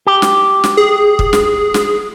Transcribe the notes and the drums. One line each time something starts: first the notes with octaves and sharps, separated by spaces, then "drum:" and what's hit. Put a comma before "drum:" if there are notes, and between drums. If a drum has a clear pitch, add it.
G4
drum: snare
drum: snare
G#4
drum: kick
drum: snare
drum: snare